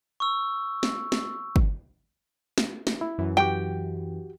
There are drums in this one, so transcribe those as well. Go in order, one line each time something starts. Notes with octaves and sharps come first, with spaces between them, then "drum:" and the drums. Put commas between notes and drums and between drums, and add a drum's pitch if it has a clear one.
C#6 E6
drum: snare
drum: snare
drum: kick
drum: snare
drum: snare
E4
F#2 E3
F#4 G4 G5